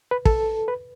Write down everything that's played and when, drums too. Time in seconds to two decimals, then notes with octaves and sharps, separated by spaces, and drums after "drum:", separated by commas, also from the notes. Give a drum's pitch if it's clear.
0.11 B4
0.25 A4, drum: kick
0.68 B4